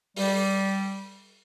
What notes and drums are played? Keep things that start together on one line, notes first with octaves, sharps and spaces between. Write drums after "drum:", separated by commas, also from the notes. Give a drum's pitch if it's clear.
G3, drum: open hi-hat